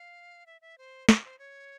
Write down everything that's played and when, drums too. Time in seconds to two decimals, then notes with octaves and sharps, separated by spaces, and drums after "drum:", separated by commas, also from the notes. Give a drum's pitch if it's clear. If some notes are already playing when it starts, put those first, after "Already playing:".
Already playing: F5
0.46 E5
0.61 E5
0.78 C5
1.09 A#4, drum: snare
1.24 C5
1.39 C#5